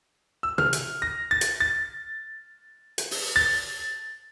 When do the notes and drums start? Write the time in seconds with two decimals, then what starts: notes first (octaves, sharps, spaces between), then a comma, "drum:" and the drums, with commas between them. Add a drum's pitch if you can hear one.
0.43 E6
0.58 F6, drum: tom
0.73 drum: hi-hat
1.02 A#6
1.31 A6
1.41 drum: hi-hat
1.60 A6
2.98 drum: hi-hat
3.11 drum: open hi-hat
3.36 A6